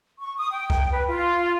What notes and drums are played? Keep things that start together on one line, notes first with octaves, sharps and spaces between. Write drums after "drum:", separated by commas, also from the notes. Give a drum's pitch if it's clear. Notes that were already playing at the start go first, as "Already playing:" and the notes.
C#6
D#6
G5
drum: kick C2
B4
F4